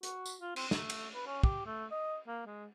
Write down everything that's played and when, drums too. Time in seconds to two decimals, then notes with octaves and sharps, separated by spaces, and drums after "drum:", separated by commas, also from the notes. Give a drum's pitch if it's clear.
0.03 F#4, drum: hi-hat
0.26 drum: tambourine
0.41 F4
0.56 C4, drum: cymbal
0.71 A3, drum: snare
0.90 drum: cymbal
1.15 B4
1.26 C#4
1.44 G4, drum: kick
1.66 A3
1.91 D#5
2.27 A#3
2.46 G#3